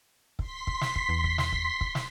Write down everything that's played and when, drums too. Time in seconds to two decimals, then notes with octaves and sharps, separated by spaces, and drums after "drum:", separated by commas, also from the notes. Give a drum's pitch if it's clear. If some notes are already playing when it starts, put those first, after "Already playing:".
0.39 C6 B6, drum: kick
0.67 drum: kick
0.81 drum: snare
0.96 drum: kick
1.09 E2
1.24 drum: kick
1.38 drum: snare
1.52 drum: kick
1.81 drum: kick
1.95 drum: snare